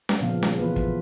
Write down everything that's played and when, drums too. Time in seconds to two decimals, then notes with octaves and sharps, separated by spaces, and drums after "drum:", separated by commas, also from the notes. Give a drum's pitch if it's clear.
0.09 drum: snare C#4
0.21 A#2 C#3 F3 B3 D4 F5
0.43 drum: snare C#4
0.59 E3 A3 B3 F4 B4
0.76 drum: kick